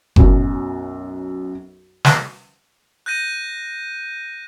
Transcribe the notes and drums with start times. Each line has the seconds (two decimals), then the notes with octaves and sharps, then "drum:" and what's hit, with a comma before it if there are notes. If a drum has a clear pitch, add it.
0.16 B1 F#2, drum: kick F#1
2.05 drum: snare
3.06 F#6 G6 A#6 D#7